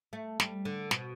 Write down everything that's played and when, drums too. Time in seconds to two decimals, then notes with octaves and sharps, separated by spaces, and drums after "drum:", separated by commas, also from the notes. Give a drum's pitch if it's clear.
0.13 A3
0.40 G3, drum: snare
0.65 D3
0.91 B2, drum: snare